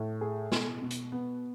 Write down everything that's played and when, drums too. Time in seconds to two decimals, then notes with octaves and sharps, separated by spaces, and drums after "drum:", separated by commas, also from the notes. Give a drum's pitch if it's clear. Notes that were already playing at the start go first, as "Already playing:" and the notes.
Already playing: A2
0.21 G#4
0.52 B2, drum: snare
0.82 B2
0.91 drum: hi-hat
1.12 B3